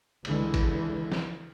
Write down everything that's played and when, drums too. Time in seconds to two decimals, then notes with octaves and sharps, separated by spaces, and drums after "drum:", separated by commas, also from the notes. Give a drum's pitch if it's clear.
0.25 C#2 D3 E3 G#3, drum: cymbal
0.54 drum: kick G#1, cymbal
1.12 drum: snare